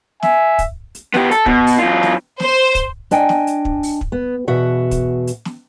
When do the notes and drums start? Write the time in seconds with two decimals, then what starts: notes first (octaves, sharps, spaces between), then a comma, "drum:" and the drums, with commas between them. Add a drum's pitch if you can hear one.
0.23 E5 G#5, drum: snare
0.59 drum: kick, hi-hat
0.95 drum: hi-hat
1.14 B3 G4, drum: snare
1.31 A4, drum: hi-hat
1.46 B2, drum: kick
1.67 drum: open hi-hat
1.78 F#2 F4
2.03 drum: snare
2.40 C5, drum: snare
2.75 drum: kick, hi-hat
3.11 D4 D#5 G5 G#5, drum: hi-hat
3.29 drum: snare
3.47 drum: hi-hat
3.65 drum: kick
3.83 drum: open hi-hat
4.01 drum: kick
4.12 B3
4.48 E2 B2 F#4 E5 F#5
4.91 drum: kick, hi-hat
5.27 drum: hi-hat
5.45 drum: snare